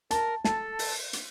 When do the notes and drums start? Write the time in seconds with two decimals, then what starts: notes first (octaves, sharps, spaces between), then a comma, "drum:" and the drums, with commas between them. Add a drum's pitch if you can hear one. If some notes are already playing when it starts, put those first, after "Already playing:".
0.11 A#4 A5, drum: hi-hat
0.44 A4 A5, drum: snare
0.79 drum: open hi-hat
1.13 drum: hi-hat